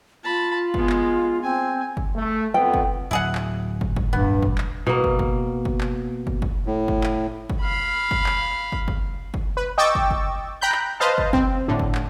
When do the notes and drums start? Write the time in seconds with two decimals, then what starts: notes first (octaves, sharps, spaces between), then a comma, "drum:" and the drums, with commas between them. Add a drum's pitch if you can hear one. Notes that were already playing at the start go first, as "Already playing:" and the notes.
0.24 F4 A5 B5
0.74 G#3 B3, drum: kick
0.89 drum: clap
1.43 C4 G#5
1.97 drum: kick
2.16 A3
2.54 F2 B3 G5
2.74 drum: kick
3.11 D1 F#3 E4 G#4 F#5
3.35 drum: clap
3.81 drum: kick
3.96 drum: kick
4.13 D#1 G2 B3
4.43 drum: kick
4.58 drum: clap
4.87 B2 A#3
5.04 drum: kick
5.19 drum: kick
5.65 drum: kick
5.81 drum: clap
6.27 drum: kick
6.42 drum: kick
6.66 A2
6.88 drum: kick
7.03 drum: clap
7.50 drum: kick
7.61 F5 B5
8.11 drum: kick
8.26 drum: clap
8.72 drum: kick
8.88 drum: kick
9.34 drum: kick
9.57 B4
9.78 D#5 G5 C#6 D6 E6 A6
9.95 drum: kick
10.11 drum: kick
10.61 G5 A#5 B5 F#6 G6
10.72 drum: clap
11.00 B4 C5 D#5 F5 A5
11.18 drum: kick
11.33 C4, drum: kick
11.68 A2 D3
11.79 drum: kick
11.95 drum: clap